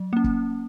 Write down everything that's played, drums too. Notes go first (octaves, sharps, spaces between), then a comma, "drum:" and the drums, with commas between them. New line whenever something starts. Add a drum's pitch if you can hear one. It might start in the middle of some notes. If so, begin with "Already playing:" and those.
Already playing: F#3
A#3 C#4
drum: kick